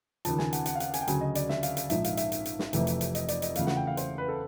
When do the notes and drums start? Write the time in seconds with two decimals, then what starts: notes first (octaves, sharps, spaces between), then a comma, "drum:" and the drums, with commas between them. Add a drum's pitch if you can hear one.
0.25 D#2 C#3 F3 A5, drum: hi-hat
0.38 G#5, drum: snare
0.53 F#5, drum: hi-hat
0.66 F#5, drum: hi-hat
0.75 F5
0.80 F#5, drum: hi-hat
0.94 G#5, drum: hi-hat
1.01 G5
1.07 D2 C#3 F#3 G#5, drum: hi-hat
1.21 D#5
1.35 D5, drum: hi-hat
1.49 E5, drum: snare
1.63 F5, drum: hi-hat
1.77 F5, drum: hi-hat
1.90 A#1 G#2 F3 E5, drum: hi-hat
2.04 F5, drum: hi-hat
2.17 E5, drum: hi-hat
2.32 drum: hi-hat
2.45 drum: hi-hat
2.59 drum: snare
2.73 F1 F2 C3 E3 A3, drum: hi-hat
2.87 drum: hi-hat
3.01 drum: hi-hat
3.15 D#5, drum: hi-hat
3.28 D5, drum: hi-hat
3.42 D#5, drum: hi-hat
3.55 E2 C#3 F3 A3 F5, drum: hi-hat
3.67 F#5, drum: snare
3.77 G5
3.87 F5
3.97 C5, drum: hi-hat
4.18 B4
4.28 A4